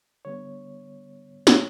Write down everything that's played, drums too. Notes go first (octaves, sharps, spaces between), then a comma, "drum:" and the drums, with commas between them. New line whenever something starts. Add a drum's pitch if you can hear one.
D3 G3 B3 C#5
B2 F#3 A3 C#4 C#5, drum: snare